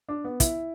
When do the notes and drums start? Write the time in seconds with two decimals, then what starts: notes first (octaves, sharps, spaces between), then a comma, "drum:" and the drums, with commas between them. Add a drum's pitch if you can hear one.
0.09 D4
0.25 B3
0.40 E4, drum: kick, hi-hat